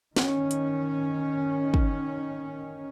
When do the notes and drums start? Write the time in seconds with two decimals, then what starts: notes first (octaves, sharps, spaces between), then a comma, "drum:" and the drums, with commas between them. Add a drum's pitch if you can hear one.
0.16 D#3 C#4, drum: snare
0.51 drum: hi-hat
1.74 drum: kick